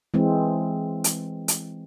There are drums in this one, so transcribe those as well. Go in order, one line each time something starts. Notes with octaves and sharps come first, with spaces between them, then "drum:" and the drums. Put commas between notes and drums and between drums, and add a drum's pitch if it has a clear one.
E3 G#3 C4
drum: hi-hat
drum: hi-hat